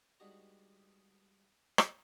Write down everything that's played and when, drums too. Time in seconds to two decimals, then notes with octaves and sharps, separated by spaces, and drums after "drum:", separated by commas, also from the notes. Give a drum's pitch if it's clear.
0.20 G3 G#3 B3 D4 D#4 F#4
1.78 drum: rim click